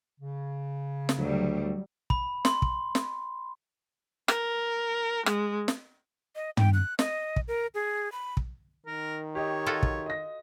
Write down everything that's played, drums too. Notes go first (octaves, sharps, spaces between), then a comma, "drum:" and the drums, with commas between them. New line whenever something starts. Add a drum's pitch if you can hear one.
C#3
drum: snare
D2 F#3 G3
B5, drum: kick
C6, drum: snare
drum: kick
drum: snare
A#4, drum: rim click
G#3, drum: rim click
drum: snare
D#5
G5, drum: tom
F#6
D#5, drum: snare
drum: kick
A#4
G#4
B5
drum: kick
D#3 A#4
G4 C#5 D#5
F4 F#4 A4
drum: kick
D#5 A#6